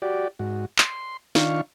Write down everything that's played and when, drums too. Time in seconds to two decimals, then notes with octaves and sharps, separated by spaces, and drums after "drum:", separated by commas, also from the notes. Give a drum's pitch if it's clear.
0.02 F#4 G4 D5
0.39 G#2 F#4
0.78 C6, drum: clap
1.35 D#3 D4 F4 F5 C#6, drum: snare